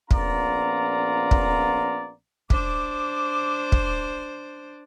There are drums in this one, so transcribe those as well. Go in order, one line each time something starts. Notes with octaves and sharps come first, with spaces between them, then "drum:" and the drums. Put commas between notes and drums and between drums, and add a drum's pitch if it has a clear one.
A#1 B3 C#4 F4 D5 A#5, drum: kick
drum: kick
D4 C5 D6, drum: kick
drum: kick